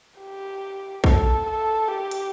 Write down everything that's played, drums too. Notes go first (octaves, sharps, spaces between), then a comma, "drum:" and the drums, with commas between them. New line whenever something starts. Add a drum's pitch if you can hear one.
G4
A4, drum: kick A#1
A4
G4
drum: hi-hat